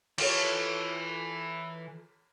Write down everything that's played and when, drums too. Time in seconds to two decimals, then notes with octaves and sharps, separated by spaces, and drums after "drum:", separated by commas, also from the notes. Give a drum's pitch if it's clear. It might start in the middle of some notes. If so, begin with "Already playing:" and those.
0.18 E3 F4 A4 C#5, drum: cymbal